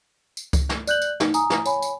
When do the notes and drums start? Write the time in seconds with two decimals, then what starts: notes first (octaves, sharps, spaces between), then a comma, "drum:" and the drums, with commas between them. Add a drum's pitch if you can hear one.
0.37 drum: tambourine
0.53 drum: kick C#2, tambourine
0.69 drum: snare
0.87 D5 F#6 G6 F#7, drum: tambourine
1.02 drum: tambourine
1.20 D#4, drum: snare
1.34 G#5 A#5 D#6, drum: tambourine
1.50 drum: snare
1.65 C#5 G#5 B5, drum: tambourine
1.82 drum: tambourine